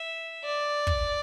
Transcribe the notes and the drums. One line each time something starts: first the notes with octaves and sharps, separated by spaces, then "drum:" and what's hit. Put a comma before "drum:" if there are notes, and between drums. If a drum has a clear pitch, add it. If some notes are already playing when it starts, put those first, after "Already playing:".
Already playing: E5
D5
drum: kick